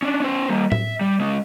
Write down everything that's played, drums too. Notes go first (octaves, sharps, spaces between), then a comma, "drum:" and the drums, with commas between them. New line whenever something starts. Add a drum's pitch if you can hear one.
C#4 D4
C#4 C5
G3 A#3
E5, drum: tom A2
G3
G#3 C#4